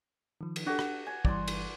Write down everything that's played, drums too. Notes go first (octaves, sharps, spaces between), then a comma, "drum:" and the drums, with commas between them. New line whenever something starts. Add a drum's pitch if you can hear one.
D#3 F3
drum: cymbal
D4 F#4 G4 A4
drum: rim click
G#5
G1 E3 G3 D5 C6, drum: kick
drum: cymbal